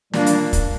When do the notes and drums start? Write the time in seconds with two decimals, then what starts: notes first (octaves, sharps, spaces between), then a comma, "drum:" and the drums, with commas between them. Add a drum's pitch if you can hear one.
0.13 A#2 G3 A#3 D4, drum: snare
0.26 drum: hi-hat
0.53 drum: kick, hi-hat